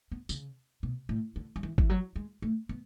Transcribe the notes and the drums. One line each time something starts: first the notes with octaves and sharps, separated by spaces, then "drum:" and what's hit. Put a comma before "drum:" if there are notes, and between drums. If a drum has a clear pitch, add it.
B3
C#3, drum: tambourine
B2
A2
D3
F#3
E3
E3, drum: kick
F#3
G#3
A3
B3